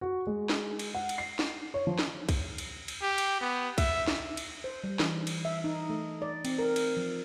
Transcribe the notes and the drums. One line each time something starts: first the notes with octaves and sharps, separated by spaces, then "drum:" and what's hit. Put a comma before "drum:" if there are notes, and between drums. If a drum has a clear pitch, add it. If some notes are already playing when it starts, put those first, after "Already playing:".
F#4
G#3
drum: snare
drum: cymbal
F#5
drum: cymbal
C7
drum: snare
C#5
F3
drum: snare
drum: kick, cymbal
drum: cymbal
drum: cymbal
G4
drum: cymbal
B3
E5, drum: kick, cymbal
drum: snare
drum: cymbal
C5
G3
E3, drum: snare
drum: cymbal
E5
D#4
A3
D5
C4, drum: cymbal
A#4
drum: cymbal
F3